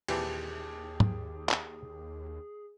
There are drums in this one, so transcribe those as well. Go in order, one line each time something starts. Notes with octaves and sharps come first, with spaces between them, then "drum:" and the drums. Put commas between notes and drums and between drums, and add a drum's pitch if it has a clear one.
D#2 A#2 E3 C4 G4 G#4 A5, drum: cymbal
drum: tom
drum: clap